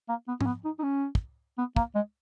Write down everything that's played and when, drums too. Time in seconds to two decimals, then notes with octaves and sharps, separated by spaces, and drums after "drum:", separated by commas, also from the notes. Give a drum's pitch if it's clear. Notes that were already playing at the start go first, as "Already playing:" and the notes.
0.09 A#3
0.28 B3
0.41 C#4, drum: tom G#2
0.46 B3
0.65 D#4
0.79 D#4
0.83 C#4
1.15 drum: kick
1.58 B3
1.76 A#3, drum: kick
1.95 G#3